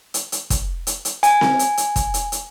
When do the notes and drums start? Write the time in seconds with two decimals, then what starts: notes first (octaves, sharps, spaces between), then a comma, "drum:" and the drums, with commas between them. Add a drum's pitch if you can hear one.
0.14 drum: hi-hat
0.32 drum: hi-hat
0.50 drum: kick, hi-hat
0.87 drum: hi-hat
1.05 drum: hi-hat
1.23 G#5, drum: hi-hat
1.41 drum: snare C4
1.59 drum: hi-hat
1.77 drum: hi-hat
1.96 drum: kick, hi-hat
2.14 drum: hi-hat
2.32 drum: hi-hat